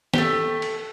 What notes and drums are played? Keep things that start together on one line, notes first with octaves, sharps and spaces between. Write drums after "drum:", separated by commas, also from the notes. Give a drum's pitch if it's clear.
A3 G4, drum: snare
drum: cymbal